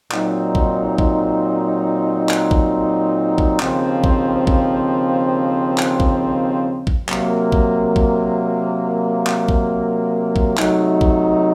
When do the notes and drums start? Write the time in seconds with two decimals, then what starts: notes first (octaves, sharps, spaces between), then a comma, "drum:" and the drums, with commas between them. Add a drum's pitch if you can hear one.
0.11 A#2 F#3 C4 D#4, drum: clap
0.55 drum: kick A1
0.98 drum: kick A1
2.29 drum: clap
2.51 drum: kick A1
3.38 drum: kick A1
3.60 D#2 C#3 F3 C4, drum: clap
4.04 drum: kick A1
4.47 drum: kick A1
5.78 drum: clap
6.00 drum: kick A1
6.87 drum: kick A1
7.09 C3 F#3 A#3, drum: clap
7.52 drum: kick A1
7.96 drum: kick A1
9.27 drum: clap
9.48 drum: kick A1
10.36 drum: kick A1
10.58 C3 F#3 A3 D#4, drum: clap
11.01 drum: kick A1